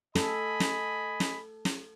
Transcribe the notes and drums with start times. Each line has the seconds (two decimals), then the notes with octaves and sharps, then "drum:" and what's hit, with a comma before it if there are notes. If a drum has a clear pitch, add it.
0.15 A4 D#5 G#5 B5, drum: snare
0.60 drum: snare
1.20 drum: snare
1.65 drum: snare